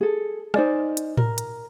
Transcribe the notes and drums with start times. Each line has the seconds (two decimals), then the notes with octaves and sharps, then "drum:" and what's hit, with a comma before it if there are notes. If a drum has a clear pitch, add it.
0.01 G#4 A4
0.54 D#4 C5 D5 G#5, drum: rim click
0.97 drum: hi-hat
1.17 A#4, drum: tom A2
1.38 drum: hi-hat